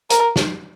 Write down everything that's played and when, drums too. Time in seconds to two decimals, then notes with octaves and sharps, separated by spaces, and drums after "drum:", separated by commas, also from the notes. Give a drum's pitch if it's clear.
0.10 A#4, drum: hi-hat
0.36 drum: snare